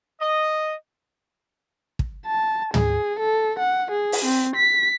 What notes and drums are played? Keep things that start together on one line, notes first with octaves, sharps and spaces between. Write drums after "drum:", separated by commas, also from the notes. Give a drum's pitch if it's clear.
D#5
drum: kick
A5
G#4, drum: tom
A4
F#5
G#4
drum: open hi-hat
C4
B6